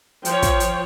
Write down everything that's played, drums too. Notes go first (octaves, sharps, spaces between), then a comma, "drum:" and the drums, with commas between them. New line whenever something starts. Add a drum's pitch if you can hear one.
F3 C5 C#5 G5, drum: hi-hat
drum: kick, hi-hat
drum: hi-hat